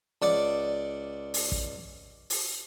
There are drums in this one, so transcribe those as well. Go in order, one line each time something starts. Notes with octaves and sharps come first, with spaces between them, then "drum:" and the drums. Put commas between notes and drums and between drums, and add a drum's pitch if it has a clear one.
C#2 D5 F#5 D6
drum: open hi-hat
drum: kick
drum: open hi-hat